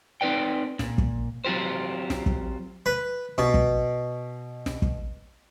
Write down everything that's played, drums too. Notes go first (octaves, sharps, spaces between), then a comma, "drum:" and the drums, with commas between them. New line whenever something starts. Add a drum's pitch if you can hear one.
C4 D#4 B4 D5 G5
A#2, drum: snare
drum: kick
F#3 C4 F4 G4 C5
drum: snare
drum: kick
B4
B2, drum: snare
drum: kick
drum: snare
drum: kick